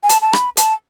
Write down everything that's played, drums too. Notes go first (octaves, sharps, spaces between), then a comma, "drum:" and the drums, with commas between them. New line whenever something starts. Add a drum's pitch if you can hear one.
G#5
A5, drum: hi-hat
A5
B5, drum: rim click
A5, drum: hi-hat